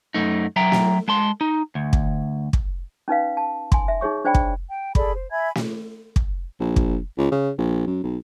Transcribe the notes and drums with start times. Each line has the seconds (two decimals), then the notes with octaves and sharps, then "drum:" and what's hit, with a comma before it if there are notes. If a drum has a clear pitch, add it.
0.14 F#2 A3 D#4
0.56 F#3 E5 G5 A#5
0.72 drum: snare
1.08 G#3 A5 C6
1.41 D#4
1.75 D2
1.93 drum: kick
2.53 drum: kick
3.08 C#4 D#4 B4 F5
3.37 A5
3.72 G#5 C6, drum: kick
3.88 E5
4.01 D#4 G#4 C#5 C#6
4.25 D4 C5 D5 G5 B5
4.35 drum: kick
4.68 G5
4.95 G#4 A4 D5 B5, drum: kick
5.13 C5
5.31 E5 G#5 B5 G#6
5.55 drum: snare
6.16 drum: kick
6.60 A#1
6.76 drum: kick
7.17 C#2
7.31 C#3
7.58 A#1
7.87 F#2
8.03 B1